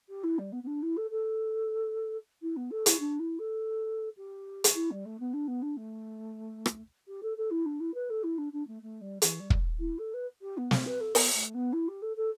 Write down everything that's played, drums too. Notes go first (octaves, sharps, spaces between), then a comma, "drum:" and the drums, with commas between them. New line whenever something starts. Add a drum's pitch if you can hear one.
G4
E4
G3
B3
B3
D4
E4
A4
A4
E4
B3
A4
E4, drum: hi-hat
D4
E4
A4
G4
drum: hi-hat
E4
G3
A3
B3
D4
B3
D4
A3
drum: rim click
G4
A4
A4
E4
D4
E4
B4
A4
E4
D4
D4
A3
A3
G3
E3, drum: hi-hat
G3
drum: kick
E4
A4
B4
G4
B3
A3, drum: snare
B4
A4
B3, drum: open hi-hat
A3
B3
E4
G4
A4
A4